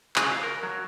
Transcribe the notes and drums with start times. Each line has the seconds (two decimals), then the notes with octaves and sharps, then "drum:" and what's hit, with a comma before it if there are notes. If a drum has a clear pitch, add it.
0.16 C#3, drum: clap
0.32 F5
0.43 A#4
0.63 F#3